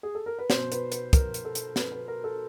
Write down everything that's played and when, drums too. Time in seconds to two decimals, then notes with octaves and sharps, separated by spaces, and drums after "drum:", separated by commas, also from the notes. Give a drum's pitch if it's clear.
0.03 G#4
0.15 A4
0.26 A#4
0.39 B4
0.50 B2 C5, drum: snare
0.72 B4, drum: hi-hat
0.92 B4, drum: hi-hat
1.13 A#4, drum: kick, hi-hat
1.34 drum: hi-hat
1.45 A4
1.55 drum: hi-hat
1.76 B4, drum: snare
1.92 B4
2.08 A#4
2.24 A4